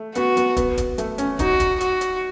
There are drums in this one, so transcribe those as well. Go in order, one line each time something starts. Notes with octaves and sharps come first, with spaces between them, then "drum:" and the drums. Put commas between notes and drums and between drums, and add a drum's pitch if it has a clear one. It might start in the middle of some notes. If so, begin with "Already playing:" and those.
Already playing: A3
B3 F#4, drum: hi-hat
B3, drum: hi-hat
B3, drum: kick, hi-hat
drum: kick, hi-hat
A3, drum: hi-hat
C#4, drum: hi-hat
D#4 F#4, drum: kick, hi-hat
drum: kick, hi-hat
F#4, drum: hi-hat
drum: hi-hat